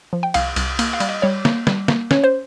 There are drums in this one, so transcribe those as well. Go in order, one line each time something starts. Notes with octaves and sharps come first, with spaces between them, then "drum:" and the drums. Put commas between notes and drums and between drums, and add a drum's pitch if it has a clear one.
F3
G5
C2 F5, drum: cymbal
C2, drum: cymbal
A#3, drum: cymbal
F5
G3, drum: cymbal
D#5
G3 C#5
A#3, drum: snare
G3, drum: snare
A#3, drum: snare
C#4 C#5, drum: snare
C5